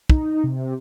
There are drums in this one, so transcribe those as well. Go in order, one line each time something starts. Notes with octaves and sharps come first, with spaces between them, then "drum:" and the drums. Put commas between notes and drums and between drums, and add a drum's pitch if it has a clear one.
D#4, drum: kick
C3